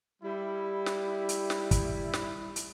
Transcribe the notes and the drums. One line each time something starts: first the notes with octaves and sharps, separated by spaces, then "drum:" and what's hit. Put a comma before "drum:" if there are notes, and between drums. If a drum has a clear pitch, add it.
G3 E4
drum: snare
drum: hi-hat
drum: snare
drum: kick, hi-hat
drum: snare
drum: hi-hat